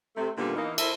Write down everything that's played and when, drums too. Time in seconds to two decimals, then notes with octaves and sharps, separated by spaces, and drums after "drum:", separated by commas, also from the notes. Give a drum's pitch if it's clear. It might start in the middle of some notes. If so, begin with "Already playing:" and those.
0.17 C3 A3
0.37 A#2 D3 D#3 G3 A#3 B3
0.56 E3 A#3 D#4
0.78 E4 A4 A#4 C5 E5, drum: cymbal